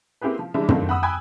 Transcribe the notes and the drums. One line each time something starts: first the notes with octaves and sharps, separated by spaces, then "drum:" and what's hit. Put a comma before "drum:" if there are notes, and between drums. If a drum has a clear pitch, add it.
A#3 C4 E4 G4 G#4 B4
F3
E3 G3 G#3 D4 D#4 E5
D#3 F#3 A3 C4 D4 F4, drum: tom
F#5 B5 D#6 E6
G5 G#5 B5 D#6 F#6 G#6